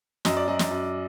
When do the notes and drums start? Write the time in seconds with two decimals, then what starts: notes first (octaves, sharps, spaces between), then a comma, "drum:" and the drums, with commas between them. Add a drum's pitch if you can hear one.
0.25 F#2 D#5, drum: snare
0.37 D5
0.48 F#2 D#5
0.59 drum: snare
0.71 F#2